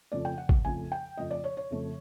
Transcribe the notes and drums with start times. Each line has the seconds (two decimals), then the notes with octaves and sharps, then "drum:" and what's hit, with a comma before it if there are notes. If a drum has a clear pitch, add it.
0.12 F2 C#3 F3 A3 D5
0.25 G5
0.38 F#5
0.49 drum: kick A1
0.65 F2 C#3 F3 A3 G#5
0.92 G5
1.17 F2 C#3 F3 A3 D#5
1.31 D5
1.44 C#5
1.57 C#5
1.70 F2 C#3 F3 A3